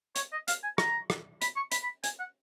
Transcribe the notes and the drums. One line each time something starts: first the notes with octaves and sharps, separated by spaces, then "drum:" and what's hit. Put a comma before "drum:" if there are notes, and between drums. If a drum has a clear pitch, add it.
C#5, drum: hi-hat
D#5
F5, drum: hi-hat
G#5
A#5, drum: rim click
drum: rim click
B5, drum: hi-hat
C#6
B5, drum: hi-hat
B5
G#5, drum: hi-hat
F#5